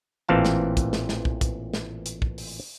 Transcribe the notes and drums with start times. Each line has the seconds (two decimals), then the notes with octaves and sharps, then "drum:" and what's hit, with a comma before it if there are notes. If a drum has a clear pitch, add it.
0.29 A1 A#2 E3 C4 F5 A5
0.45 drum: snare
0.77 drum: kick, hi-hat
0.93 drum: snare
1.09 drum: snare
1.25 drum: kick
1.41 drum: kick, hi-hat
1.73 drum: snare
2.06 drum: hi-hat
2.22 drum: kick
2.38 drum: open hi-hat